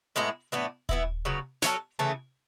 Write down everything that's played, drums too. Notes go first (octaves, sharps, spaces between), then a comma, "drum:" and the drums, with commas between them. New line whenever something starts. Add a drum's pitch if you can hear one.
A2 G#3 B3 E4
A2 E3 B3 D4
E3 B3 E4, drum: kick D#1
C#3 F#3 B3
F#3 C#4 E4 A4, drum: snare
C#3 E3 A3